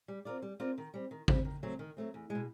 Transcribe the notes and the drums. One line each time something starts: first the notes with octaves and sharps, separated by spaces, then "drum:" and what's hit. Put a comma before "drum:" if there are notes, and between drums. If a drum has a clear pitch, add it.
G3
C4 F4 A#4 D5
G3
C4 F4 A#4 D5
D#3
G3 C4
D#3
G3 C4, drum: kick G#1
D#3
F#3 A3 C4
D#3
F#3 A3 C4
E2
B2 G#3